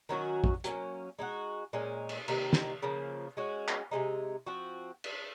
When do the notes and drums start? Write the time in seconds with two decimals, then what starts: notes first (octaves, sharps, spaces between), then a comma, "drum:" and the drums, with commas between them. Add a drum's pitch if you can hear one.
0.09 D#3 F#3 C#4 F#4
0.44 drum: kick
0.64 F#3 A#3 C#4, drum: hi-hat
1.19 G#3 D#4 F#4
1.73 A#2 G#3 C#4
2.09 drum: cymbal
2.28 C3 D#3 A#3, drum: cymbal
2.53 drum: snare
2.82 C#3 F3 A#3
3.37 G#3 C#4 F#4
3.68 drum: clap
3.91 C3 D#3 G#3 D#4
4.46 F3 C4 F#4
5.04 drum: cymbal